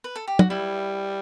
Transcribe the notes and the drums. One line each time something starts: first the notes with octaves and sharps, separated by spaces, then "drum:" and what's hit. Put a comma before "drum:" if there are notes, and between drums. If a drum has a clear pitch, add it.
B4
A4
G4
F#4, drum: tom
G3 E4